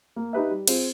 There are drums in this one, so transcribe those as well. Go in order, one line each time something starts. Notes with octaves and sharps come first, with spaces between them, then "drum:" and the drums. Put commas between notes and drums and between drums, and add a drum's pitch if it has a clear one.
A#3
D#4 G4 B4 E5
G3
C4 F4 G#4 C5, drum: cymbal